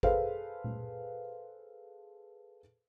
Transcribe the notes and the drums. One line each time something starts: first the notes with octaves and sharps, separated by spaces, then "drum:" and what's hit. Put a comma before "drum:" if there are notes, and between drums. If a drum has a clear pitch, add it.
G#4 A4 B4 C5 F5, drum: kick G#1
drum: tom A#2